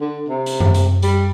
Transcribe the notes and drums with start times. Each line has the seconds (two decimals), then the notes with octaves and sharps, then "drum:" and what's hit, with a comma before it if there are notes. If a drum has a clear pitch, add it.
0.01 D3
0.29 C3
0.46 drum: hi-hat
0.60 drum: tom F#2
0.74 drum: hi-hat
1.03 G3, drum: hi-hat